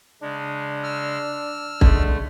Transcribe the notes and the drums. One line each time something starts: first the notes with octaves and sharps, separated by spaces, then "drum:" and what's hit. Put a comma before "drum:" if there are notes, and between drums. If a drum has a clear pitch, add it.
C#3 G#3 D4
E6 F6
D3 G#3 A3, drum: kick